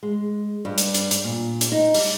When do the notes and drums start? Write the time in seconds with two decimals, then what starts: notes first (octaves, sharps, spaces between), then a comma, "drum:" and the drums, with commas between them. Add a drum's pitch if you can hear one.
0.03 G#3
0.65 G2
0.78 drum: hi-hat
0.94 drum: hi-hat
1.11 drum: hi-hat
1.24 A#2
1.61 drum: hi-hat
1.72 D#4
1.94 G3, drum: open hi-hat